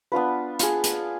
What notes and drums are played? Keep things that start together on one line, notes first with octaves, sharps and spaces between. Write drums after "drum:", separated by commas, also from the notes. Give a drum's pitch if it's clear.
B3 D4 F4 B4
F4 G#4, drum: hi-hat
drum: hi-hat